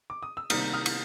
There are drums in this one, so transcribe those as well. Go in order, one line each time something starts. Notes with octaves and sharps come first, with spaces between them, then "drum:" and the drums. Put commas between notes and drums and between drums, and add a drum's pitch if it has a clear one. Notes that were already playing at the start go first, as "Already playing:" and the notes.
D6
D#6
E6
C3 D#3 G3 A#3 D#6 F6, drum: cymbal
D#6 F6
drum: cymbal